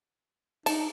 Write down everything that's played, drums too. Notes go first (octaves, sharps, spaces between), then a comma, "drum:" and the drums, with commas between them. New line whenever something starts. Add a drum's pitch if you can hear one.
D#4 A5, drum: cymbal